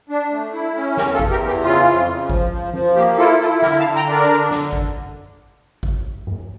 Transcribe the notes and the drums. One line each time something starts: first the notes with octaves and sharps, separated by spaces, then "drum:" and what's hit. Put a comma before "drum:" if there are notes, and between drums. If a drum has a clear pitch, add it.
D4
A3
E4
C#4
E2 G4 A#4, drum: snare
F4 A4
E2, drum: kick G#1
G4 A#4
E3
G4
C#3 F4
F2
C#3
F3, drum: kick G#1
F3
F3, drum: tom E3
A#3 G4
E4 F4 A4
E4 F4 A4
D3 G4 A#4, drum: snare
F5 A5
D3
G5 A#5
D4 A#4 D5
D3
D3, drum: snare
drum: kick G#1
drum: kick G#1
drum: tom G2